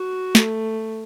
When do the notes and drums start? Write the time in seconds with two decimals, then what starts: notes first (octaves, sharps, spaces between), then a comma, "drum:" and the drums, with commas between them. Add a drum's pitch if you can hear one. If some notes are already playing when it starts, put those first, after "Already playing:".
Already playing: F#4
0.35 A3, drum: snare